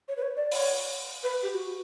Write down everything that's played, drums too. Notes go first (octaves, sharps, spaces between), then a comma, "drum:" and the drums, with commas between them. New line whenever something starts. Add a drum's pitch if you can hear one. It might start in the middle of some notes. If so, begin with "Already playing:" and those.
C#5
B4
C#5
D5
C#5, drum: open hi-hat
B4
G4
F#4